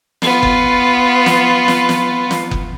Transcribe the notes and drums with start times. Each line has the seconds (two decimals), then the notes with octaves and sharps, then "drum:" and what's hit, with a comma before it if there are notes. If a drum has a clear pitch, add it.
0.22 B3 F4, drum: snare
0.43 drum: kick F#1
1.26 drum: snare
1.68 drum: snare
1.89 drum: snare
2.31 drum: snare
2.51 drum: kick F#1